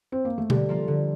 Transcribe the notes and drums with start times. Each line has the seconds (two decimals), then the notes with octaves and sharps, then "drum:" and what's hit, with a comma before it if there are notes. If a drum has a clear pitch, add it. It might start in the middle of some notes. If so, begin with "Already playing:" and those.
0.12 C4
0.25 A#3
0.38 A3
0.50 D3 G3, drum: tom B2
0.69 F3 A#3 F4
0.88 D3